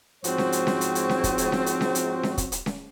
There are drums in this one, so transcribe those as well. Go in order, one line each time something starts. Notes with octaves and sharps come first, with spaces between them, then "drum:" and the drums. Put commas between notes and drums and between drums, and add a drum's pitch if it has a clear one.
G#2 F3 C4 F#4 C5 C#5, drum: hi-hat
drum: snare C#4
drum: hi-hat
drum: snare C#4
drum: hi-hat
drum: hi-hat
drum: snare C#4
drum: kick, hi-hat
drum: hi-hat
drum: snare C#4
drum: hi-hat
drum: snare C#4
drum: hi-hat
drum: snare C#4
drum: kick, hi-hat
drum: hi-hat
drum: snare C#4